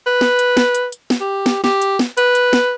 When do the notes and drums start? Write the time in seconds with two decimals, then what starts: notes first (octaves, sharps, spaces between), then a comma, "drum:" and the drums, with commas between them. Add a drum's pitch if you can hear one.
0.06 B4
0.21 drum: snare
0.39 drum: hi-hat
0.57 drum: snare
0.75 drum: hi-hat
0.92 drum: hi-hat
1.10 drum: snare
1.21 G4
1.46 drum: snare
1.64 G4, drum: snare
1.82 drum: hi-hat
1.99 drum: snare
2.17 B4, drum: hi-hat
2.35 drum: hi-hat
2.53 drum: snare